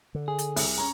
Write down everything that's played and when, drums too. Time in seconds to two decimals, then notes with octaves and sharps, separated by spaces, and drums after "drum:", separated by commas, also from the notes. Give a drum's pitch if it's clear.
0.15 D3
0.28 G#4
0.39 drum: hi-hat
0.56 C2, drum: open hi-hat
0.78 C#4 A#5